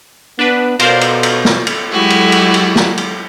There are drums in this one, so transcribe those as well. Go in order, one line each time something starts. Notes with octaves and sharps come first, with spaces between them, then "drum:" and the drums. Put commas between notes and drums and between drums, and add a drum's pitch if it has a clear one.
B3 D4 B4
B2 F4 A#4 C5 D5, drum: cymbal
drum: cymbal
drum: cymbal
C#5
drum: snare
drum: cymbal
F#3 G#3 E4 F#4 G4
drum: cymbal
drum: cymbal
drum: cymbal
drum: snare
drum: cymbal